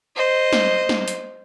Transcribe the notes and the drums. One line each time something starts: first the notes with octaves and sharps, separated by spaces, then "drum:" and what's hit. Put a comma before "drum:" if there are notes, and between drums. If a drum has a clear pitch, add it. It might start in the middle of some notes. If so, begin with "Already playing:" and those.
C5 D#5
drum: snare
drum: snare
drum: hi-hat